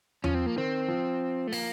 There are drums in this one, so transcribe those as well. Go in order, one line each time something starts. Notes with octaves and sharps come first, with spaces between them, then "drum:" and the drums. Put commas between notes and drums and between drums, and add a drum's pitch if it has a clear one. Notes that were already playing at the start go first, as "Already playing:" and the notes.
F3 C#4, drum: tom E2
C4
A#3
D#3 C4
F3
A3
A#3, drum: open hi-hat